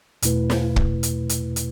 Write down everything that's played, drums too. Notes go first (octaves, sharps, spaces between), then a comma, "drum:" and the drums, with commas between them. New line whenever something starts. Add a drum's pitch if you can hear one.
E2 B2 A3 E4 B4, drum: hi-hat
drum: snare
drum: kick
drum: hi-hat
drum: hi-hat
drum: hi-hat